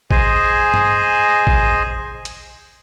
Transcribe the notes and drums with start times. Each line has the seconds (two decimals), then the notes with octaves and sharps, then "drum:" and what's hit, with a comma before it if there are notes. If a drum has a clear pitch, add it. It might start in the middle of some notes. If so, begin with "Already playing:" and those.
0.11 G#4 C5 D#5 G#5, drum: kick A1
0.74 drum: tom G2
1.47 drum: kick A1
2.25 drum: hi-hat